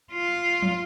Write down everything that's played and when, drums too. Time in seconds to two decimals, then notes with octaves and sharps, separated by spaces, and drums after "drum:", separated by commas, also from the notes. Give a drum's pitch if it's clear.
0.12 F4
0.62 drum: tom F3